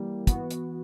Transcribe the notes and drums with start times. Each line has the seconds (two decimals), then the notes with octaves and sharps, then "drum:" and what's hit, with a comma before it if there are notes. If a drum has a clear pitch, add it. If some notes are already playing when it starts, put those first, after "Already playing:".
Already playing: E3 G3 A#3
0.27 E3 B3 F#4, drum: kick, hi-hat
0.51 drum: hi-hat